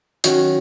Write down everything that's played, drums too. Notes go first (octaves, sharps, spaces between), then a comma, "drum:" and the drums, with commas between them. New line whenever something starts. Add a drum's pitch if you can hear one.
D#3 F#3 C#4 F#4, drum: hi-hat